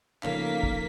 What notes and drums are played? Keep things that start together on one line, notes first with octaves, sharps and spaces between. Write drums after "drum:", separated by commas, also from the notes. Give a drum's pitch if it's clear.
C#3 F3 A3 A#3 C#4 D#4 F5 B6, drum: clap
drum: kick